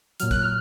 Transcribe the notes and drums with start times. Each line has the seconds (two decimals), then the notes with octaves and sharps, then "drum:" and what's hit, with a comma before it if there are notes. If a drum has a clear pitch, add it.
0.20 A#2 F#3 F6, drum: hi-hat
0.31 F#6, drum: kick
0.42 F6